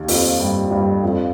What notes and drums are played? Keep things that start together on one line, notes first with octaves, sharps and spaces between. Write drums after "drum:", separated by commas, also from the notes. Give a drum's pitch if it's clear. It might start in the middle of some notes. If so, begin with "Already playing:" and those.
Already playing: D#2 D#3
F2 F3, drum: open hi-hat
G2 G3
G2 G3
F2 F3